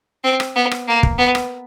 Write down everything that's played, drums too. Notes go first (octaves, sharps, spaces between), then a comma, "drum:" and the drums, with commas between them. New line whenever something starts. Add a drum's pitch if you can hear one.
C4
drum: rim click
B3
drum: rim click
A#3
drum: kick
B3
drum: rim click